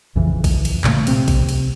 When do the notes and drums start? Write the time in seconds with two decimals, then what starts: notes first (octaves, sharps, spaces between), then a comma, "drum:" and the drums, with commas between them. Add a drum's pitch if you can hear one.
0.15 A#1 F2 C#3 E3
0.44 drum: kick A#1, cymbal
0.65 drum: cymbal
0.84 A#2 C#3 A3, drum: clap
1.07 C3 C4, drum: cymbal
1.28 drum: kick A#1, cymbal
1.49 drum: cymbal